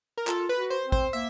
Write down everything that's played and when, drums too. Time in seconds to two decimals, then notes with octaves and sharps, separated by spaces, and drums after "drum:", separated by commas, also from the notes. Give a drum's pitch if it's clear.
0.18 A#4
0.27 F4 A4, drum: clap
0.49 B4
0.57 F#4
0.70 C5
0.85 C4
0.92 C5, drum: kick
1.13 A#3 E5